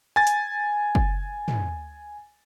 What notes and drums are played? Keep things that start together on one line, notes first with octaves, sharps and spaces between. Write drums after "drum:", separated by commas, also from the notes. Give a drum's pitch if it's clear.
G#5 A6
drum: hi-hat
drum: kick F#1
drum: tom